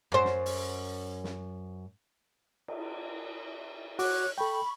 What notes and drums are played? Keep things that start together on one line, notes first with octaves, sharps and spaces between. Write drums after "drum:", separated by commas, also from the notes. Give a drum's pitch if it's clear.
F#2 C5
drum: snare
drum: open hi-hat
drum: snare
drum: cymbal
F#4 C#5 D6 F#6, drum: open hi-hat
A4 G5 B5 C#6